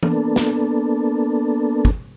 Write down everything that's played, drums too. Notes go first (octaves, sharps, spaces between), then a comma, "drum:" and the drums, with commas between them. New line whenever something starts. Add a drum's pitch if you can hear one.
A#3 B3 D4 A4, drum: tom E3
drum: snare
drum: kick